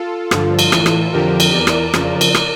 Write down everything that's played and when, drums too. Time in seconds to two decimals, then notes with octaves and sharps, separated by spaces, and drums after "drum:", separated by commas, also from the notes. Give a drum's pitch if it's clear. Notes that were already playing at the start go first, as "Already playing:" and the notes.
Already playing: F4 A4
0.31 G2 D3 F3, drum: rim click
0.59 drum: cymbal
0.72 A2 E3, drum: rim click
0.86 drum: rim click
1.13 F2 D3 F3 G4 A#4
1.40 drum: cymbal
1.53 E2 E3 A#4 D5
1.67 drum: rim click
1.94 F2 C#3 F3, drum: rim click
2.21 drum: cymbal
2.34 drum: rim click